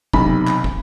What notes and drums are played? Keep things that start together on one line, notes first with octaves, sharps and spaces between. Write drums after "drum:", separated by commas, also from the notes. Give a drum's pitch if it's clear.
B1 C3 D#3 B5, drum: kick
drum: clap
drum: kick